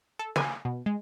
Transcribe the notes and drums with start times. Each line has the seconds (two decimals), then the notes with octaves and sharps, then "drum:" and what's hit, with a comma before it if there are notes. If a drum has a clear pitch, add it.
0.19 A4
0.36 G#5, drum: snare
0.65 B2
0.86 G#3